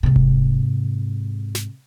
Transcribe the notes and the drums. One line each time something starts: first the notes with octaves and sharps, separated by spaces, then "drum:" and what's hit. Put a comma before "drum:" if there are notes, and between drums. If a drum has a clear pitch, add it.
G#2 C3
drum: kick E1
drum: snare